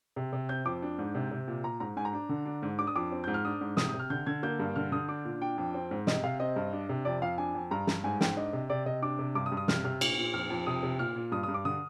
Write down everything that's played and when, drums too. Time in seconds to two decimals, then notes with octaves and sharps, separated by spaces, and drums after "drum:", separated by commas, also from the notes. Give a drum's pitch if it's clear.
0.16 C3
0.33 C3
0.49 C4 G6
0.65 F2 D6
0.82 D4
0.99 G#2
1.15 C3
1.31 C3
1.48 A#2
1.64 A#2 A#5
1.80 G#2 A#5
1.97 G#2 G#5
2.05 A#5
2.13 D4
2.29 D3
2.46 D4
2.63 G#2
2.79 D4 D6
2.87 D#6
2.96 F2 D6
3.12 C4
3.24 G#2 G6
3.34 F6
3.45 D4 D#6
3.61 G#2
3.77 C3 D#6, drum: snare
3.89 D#6
3.94 C3
3.99 F6
4.10 D3 G6
4.26 D3 G#6
4.43 A#3 G6
4.59 G2
4.76 D3 F6
4.92 D3 D#6
5.09 D4 D6
5.25 A#2
5.42 D4 G5
5.58 F2
5.74 C4
5.91 G#2
6.07 C3 D#5, drum: snare
6.23 C3 F5
6.40 C4 D#5
6.56 G2
6.73 D4
6.89 C3
7.05 F2 D5
7.22 F2 F5
7.38 D4 G#5
7.55 F2
7.71 G2 A#5
7.87 G2, drum: snare
8.04 G#2 G#5
8.21 G#2 G5, drum: snare
8.37 D4 D#5
8.53 C3
8.70 C3 D5
8.86 C3 D#5
9.02 D4 D6
9.19 C3
9.35 G2 D6
9.46 D#6
9.52 G2
9.57 D#6
9.68 C3 F6, drum: snare
9.84 C3 F6
10.01 A#2, drum: cymbal
10.18 A#2
10.33 F2 F6
10.50 F2
10.67 C3 D#6
10.83 C3
10.99 A#2 F6
11.16 A#2
11.32 G2 D#6
11.43 D#6
11.48 G2
11.54 D6
11.65 D3 D#6